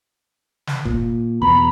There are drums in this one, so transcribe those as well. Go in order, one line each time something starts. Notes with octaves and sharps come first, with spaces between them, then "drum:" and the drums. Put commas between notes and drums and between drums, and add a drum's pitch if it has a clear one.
drum: snare
A#2, drum: kick F1
E2 B2 A#5 B5